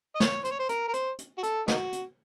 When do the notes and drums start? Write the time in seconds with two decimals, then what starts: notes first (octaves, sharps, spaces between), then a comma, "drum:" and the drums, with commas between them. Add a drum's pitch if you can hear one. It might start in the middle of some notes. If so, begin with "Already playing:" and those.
0.16 D#5
0.20 C#5, drum: snare
0.44 C5, drum: hi-hat
0.51 C#5
0.59 C5
0.69 A#4, drum: hi-hat
0.88 A#4
0.94 C5, drum: hi-hat
1.18 drum: hi-hat
1.38 F#4
1.43 A4, drum: hi-hat
1.68 A#3 D#4 F#4, drum: snare
1.92 drum: hi-hat